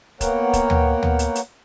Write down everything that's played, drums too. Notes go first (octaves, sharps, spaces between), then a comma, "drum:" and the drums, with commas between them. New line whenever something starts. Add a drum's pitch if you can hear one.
A#3 B3 A#4 C#5 F#5 G5, drum: kick, hi-hat
drum: kick, hi-hat
drum: tom D2
drum: tom D2
drum: hi-hat
drum: hi-hat